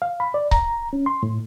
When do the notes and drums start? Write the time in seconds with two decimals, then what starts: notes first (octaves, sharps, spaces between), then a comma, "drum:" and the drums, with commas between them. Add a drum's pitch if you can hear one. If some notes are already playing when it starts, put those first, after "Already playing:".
0.02 F5
0.20 B5
0.34 D5
0.51 A#5, drum: kick C#1
0.93 C#4
1.06 C6
1.23 A2